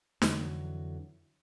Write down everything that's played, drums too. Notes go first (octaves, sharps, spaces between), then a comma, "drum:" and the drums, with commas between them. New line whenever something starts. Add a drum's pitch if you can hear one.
F2 D3 E3 F#3, drum: snare